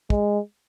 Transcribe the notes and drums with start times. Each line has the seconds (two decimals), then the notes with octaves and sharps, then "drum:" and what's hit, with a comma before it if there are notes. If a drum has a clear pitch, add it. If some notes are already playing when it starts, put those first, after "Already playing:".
0.10 G#3, drum: kick